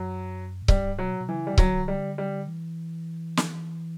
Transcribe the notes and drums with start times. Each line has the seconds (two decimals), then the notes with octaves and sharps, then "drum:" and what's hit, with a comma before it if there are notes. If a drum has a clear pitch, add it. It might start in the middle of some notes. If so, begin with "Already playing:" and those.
Already playing: F#2 F#3
0.62 A2
0.68 G2 G3, drum: kick C#1
0.98 B2 F#3
1.20 B2
1.28 C#3 E3
1.47 G3
1.53 C#3
1.58 D3 F#3, drum: kick C#1
1.88 G3
2.18 G3
2.48 E3
3.37 drum: snare